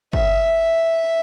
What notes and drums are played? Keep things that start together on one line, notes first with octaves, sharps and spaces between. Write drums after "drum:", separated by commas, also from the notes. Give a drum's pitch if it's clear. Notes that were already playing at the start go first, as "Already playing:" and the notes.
E5, drum: kick